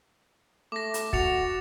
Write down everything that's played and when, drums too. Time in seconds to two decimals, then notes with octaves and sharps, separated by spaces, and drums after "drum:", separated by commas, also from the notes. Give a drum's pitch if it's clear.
0.72 A3 D6 A#6
0.94 drum: hi-hat
1.13 F#4 A6 C#7 F7, drum: kick